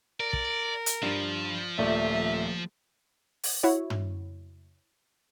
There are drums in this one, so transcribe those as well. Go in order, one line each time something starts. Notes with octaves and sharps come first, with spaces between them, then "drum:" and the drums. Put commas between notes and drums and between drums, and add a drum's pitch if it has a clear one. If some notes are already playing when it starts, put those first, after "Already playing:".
A#4 D5
drum: kick
drum: hi-hat
G2 F3
D#1 A3 D5 E5
drum: open hi-hat
E4 F#4 C#5
drum: tom